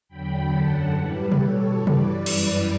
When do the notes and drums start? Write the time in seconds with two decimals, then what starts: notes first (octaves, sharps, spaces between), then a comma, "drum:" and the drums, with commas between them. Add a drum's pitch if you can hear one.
0.08 E2 D3 F#3 G5 B5
0.50 F#2 D3 F#3 F#5 A5
0.90 A2 E3 G3 G4 B4
1.32 B2 G3 A4 C#5, drum: tom B2
1.73 G2 E3 G3 B4 D5
1.87 drum: tom
2.14 F#2 E3 G3 B4 D5
2.26 drum: cymbal